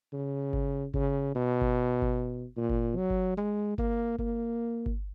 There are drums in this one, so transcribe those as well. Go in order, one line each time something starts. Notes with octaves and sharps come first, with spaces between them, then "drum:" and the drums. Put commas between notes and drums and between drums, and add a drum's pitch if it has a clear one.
C#3
drum: kick G1
C#3, drum: kick G1
B2
drum: kick G1
drum: kick G1
A#2
drum: kick G1
F#3
drum: kick G1
G#3
A#3, drum: kick G1
A#3, drum: kick G1
drum: kick G1